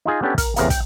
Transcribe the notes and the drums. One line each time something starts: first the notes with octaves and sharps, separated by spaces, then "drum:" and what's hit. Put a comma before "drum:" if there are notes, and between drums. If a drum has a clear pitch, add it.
D#4 F4 G#4
B3 C#4 D4 G4 A4 C#5
A#4, drum: kick, hi-hat
E2 A2 C3 B3 A#4 F5, drum: hi-hat
G5, drum: kick, hi-hat